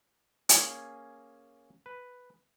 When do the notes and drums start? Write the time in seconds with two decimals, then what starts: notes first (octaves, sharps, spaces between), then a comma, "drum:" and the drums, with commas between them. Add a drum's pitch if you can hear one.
0.49 A#3 C#4 G#4, drum: hi-hat
1.86 B4